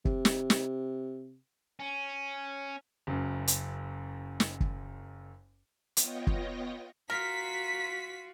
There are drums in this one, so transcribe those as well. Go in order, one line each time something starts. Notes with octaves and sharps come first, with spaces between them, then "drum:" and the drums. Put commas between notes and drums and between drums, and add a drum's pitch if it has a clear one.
C3, drum: kick
drum: snare
drum: snare
C#4
F#1 F#2
drum: hi-hat
drum: snare
drum: kick
B3 F4 C#5 D#5 G5 A#6, drum: hi-hat
drum: kick
F4 F#4 A#4 B6